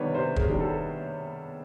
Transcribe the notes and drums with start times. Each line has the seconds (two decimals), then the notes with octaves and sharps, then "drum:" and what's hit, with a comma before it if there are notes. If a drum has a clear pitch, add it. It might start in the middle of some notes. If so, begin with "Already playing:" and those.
Already playing: C3 D#3 G3 B3 D4 B4 C#5
0.14 C3 A#4 C5
0.36 G#4 A#4, drum: kick
0.49 D#3 G3 B3 D4
0.59 G4 A4